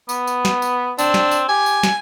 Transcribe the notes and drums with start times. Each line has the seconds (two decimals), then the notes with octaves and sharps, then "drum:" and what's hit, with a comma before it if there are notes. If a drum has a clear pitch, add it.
0.09 B3, drum: tambourine
0.27 drum: tambourine
0.45 drum: snare
0.62 drum: tambourine
0.99 C4 D4, drum: tambourine
1.14 drum: snare
1.31 drum: tambourine
1.49 G4 G#5
1.66 drum: tambourine
1.83 drum: snare